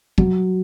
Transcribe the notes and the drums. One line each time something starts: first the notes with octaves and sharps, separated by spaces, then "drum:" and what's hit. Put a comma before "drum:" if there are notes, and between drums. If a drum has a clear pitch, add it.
F#3, drum: kick